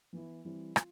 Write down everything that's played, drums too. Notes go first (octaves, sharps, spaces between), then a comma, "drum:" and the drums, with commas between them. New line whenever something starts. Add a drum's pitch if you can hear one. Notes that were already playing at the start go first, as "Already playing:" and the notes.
E3 B3 E4
E3 G3 C4 E4
F4, drum: rim click